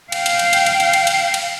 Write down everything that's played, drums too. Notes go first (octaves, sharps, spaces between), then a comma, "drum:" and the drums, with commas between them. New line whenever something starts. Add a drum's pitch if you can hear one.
F5 G5, drum: cymbal
drum: cymbal
drum: cymbal
drum: cymbal
drum: cymbal
drum: cymbal
drum: cymbal
drum: cymbal
drum: cymbal